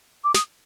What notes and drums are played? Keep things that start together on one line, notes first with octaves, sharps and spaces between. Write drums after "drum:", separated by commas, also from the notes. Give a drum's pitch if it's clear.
D6
D#6, drum: snare